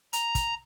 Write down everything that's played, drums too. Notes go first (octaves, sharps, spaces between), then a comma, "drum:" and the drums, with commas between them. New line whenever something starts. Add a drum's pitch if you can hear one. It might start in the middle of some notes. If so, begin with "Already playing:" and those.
A#5, drum: hi-hat
drum: kick, hi-hat